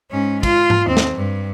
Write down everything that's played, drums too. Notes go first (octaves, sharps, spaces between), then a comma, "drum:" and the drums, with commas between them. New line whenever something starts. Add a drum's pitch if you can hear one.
G#2 C#4
F4, drum: kick, cymbal
drum: tom G#2
D#2 C4
drum: snare
G2